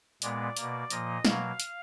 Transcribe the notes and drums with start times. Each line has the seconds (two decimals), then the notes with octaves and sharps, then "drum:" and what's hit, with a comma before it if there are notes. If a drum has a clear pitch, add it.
0.22 A#2 G#3 B3 D5, drum: hi-hat
0.57 B2 A#3, drum: hi-hat
0.90 A#2 F3 A#3 D#5, drum: hi-hat
1.25 B2 F#3 A#3 F5, drum: snare
1.60 drum: hi-hat